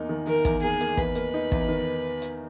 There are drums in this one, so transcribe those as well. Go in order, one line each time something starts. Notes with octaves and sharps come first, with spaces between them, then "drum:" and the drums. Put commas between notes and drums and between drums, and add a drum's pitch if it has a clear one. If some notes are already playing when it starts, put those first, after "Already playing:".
Already playing: E2 A#3 D#4
D#3
D#3 A#4
E2, drum: kick, hi-hat
A#3 G#4
A#3, drum: hi-hat
E2 B4, drum: kick
A#3, drum: hi-hat
D#4
E2, drum: kick
D#3
drum: hi-hat